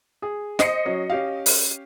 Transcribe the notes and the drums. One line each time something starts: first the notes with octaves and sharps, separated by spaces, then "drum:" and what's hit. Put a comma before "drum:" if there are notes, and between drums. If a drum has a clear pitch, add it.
G#4
C5 D#5 C7 C#7, drum: snare
F#3 C#4
C#4 G4 F5
drum: open hi-hat